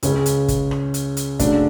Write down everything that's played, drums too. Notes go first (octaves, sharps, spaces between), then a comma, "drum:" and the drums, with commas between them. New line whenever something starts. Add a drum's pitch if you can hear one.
C#2 C#3 G#3 C#4, drum: hi-hat
drum: hi-hat
drum: kick, hi-hat
drum: rim click
drum: hi-hat
drum: hi-hat
F#2 C#3 F#3 A3 D4, drum: kick, hi-hat